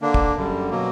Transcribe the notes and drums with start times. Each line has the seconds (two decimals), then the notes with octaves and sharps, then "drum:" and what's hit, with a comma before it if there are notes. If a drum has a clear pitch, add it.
0.01 D3 A#3 D4
0.14 drum: kick
0.35 F#2 D3 G3
0.70 B2 F#3 A#3